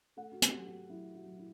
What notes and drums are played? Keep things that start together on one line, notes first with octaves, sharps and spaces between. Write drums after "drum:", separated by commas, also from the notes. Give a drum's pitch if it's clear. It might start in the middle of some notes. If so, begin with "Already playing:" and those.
A3 F#5
F#4
G4, drum: hi-hat
F#3
F#4
F#3 E4
F#4
F#3
E4